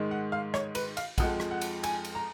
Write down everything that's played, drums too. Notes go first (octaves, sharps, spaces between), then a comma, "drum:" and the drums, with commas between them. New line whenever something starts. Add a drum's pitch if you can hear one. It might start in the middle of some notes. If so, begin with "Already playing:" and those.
Already playing: G#2 D#3 G#3
F#5
F5
C#5, drum: rim click
B4, drum: cymbal
F5, drum: cymbal
F2 F3 G#3 F#5, drum: kick A#1, cymbal
drum: rim click
F#5
drum: cymbal
G#5, drum: cymbal
drum: cymbal
A#5